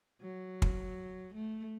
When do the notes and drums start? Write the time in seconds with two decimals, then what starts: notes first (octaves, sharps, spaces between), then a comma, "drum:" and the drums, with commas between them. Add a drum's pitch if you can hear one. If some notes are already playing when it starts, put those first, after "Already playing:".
0.21 F#3
0.62 drum: kick
1.35 A3